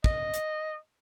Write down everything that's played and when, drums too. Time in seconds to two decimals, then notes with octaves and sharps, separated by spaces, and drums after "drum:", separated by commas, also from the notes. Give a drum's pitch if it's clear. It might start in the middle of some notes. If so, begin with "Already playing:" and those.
0.04 D#5, drum: kick
0.34 drum: hi-hat